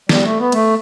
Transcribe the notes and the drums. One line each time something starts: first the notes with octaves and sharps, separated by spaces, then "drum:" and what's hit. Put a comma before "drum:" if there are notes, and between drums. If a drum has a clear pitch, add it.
G3, drum: snare
A3
B3
A3, drum: cymbal